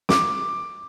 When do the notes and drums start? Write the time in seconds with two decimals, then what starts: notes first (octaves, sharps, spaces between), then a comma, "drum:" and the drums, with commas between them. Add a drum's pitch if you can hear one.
0.09 D6, drum: snare